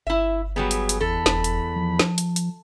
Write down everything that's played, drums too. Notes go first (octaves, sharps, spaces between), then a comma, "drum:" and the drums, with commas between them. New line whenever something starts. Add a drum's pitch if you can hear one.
G1 E4 E5
F#3 G3 B3 G#4
drum: hi-hat
drum: hi-hat
E2 A4 B5
F1, drum: snare
drum: hi-hat
F3
drum: snare
drum: hi-hat
drum: hi-hat